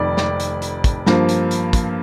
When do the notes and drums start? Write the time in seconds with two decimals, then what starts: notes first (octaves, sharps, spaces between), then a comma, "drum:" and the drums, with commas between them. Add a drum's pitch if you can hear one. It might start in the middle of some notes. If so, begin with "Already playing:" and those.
Already playing: F1 F2 D#3 D5
0.17 D5, drum: snare
0.40 drum: hi-hat
0.62 drum: hi-hat
0.84 drum: kick, hi-hat
1.06 G2 F3 A#3, drum: snare
1.29 drum: hi-hat
1.51 drum: hi-hat
1.73 drum: kick, hi-hat